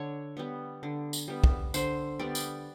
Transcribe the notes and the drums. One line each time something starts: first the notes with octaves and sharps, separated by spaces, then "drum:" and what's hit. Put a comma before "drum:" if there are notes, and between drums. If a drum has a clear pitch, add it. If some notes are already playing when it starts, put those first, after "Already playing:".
Already playing: D3 C#5
G3 B3
D3
drum: tambourine
G3 B3
drum: kick
D3 C5, drum: tambourine
G3 B3 D5
drum: tambourine